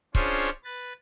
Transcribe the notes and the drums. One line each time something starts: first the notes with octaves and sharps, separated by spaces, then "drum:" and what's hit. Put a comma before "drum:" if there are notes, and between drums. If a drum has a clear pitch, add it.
C#4 D4 F4 G#4 C5 C#5, drum: kick
B4 A6